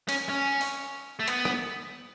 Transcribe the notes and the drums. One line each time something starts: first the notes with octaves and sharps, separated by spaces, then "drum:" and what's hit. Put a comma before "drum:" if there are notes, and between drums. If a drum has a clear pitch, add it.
C#4, drum: cymbal
C#4
drum: open hi-hat
A3
B3, drum: hi-hat
drum: rim click